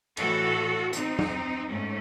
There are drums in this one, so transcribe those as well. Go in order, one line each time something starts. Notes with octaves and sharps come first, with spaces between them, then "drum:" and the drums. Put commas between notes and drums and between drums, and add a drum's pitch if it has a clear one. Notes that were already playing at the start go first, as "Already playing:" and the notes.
A2 E3 F#4 A4, drum: cymbal
C4 D#4, drum: hi-hat
drum: tom F#3
G#2 A3 C#4